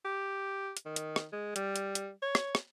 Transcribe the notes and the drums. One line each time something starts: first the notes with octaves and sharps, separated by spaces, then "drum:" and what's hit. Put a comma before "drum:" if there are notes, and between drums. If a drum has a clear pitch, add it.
G4
drum: hi-hat
D#3
drum: hi-hat
drum: rim click
G#3
G3, drum: hi-hat
drum: hi-hat
drum: hi-hat
C#5
drum: rim click
drum: rim click